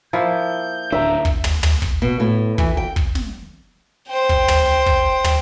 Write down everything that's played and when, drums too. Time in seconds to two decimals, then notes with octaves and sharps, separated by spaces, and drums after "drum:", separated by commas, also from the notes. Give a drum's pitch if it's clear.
0.13 F3 A#3 E4 G6
0.92 D1 D4 E5 A#5
1.25 drum: kick
1.44 drum: tom
1.63 drum: tom
1.82 drum: kick
2.02 B2
2.20 A2
2.58 E3, drum: kick
2.77 G5
2.96 drum: kick
3.15 drum: snare
4.10 C5 G5
4.29 drum: kick
4.48 drum: tom
4.86 drum: kick
5.24 drum: tom